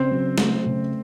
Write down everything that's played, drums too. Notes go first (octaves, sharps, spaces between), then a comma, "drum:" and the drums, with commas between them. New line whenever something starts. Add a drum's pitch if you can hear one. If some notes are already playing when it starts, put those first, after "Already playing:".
Already playing: C#3 C4 C5
F#3
A3, drum: snare
C#3